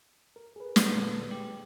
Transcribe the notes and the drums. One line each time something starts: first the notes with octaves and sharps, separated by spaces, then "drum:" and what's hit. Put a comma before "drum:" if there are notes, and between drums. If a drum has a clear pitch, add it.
A#4
G#4 B4
drum: snare
A#2 D3
G4